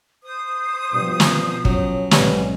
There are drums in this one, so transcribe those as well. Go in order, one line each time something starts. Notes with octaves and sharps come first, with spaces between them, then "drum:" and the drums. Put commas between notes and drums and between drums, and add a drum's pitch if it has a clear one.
C5 D#6
G2 B2 F3
drum: snare
F#3 C#4, drum: kick
B1 A2 G3 G#3 B3, drum: snare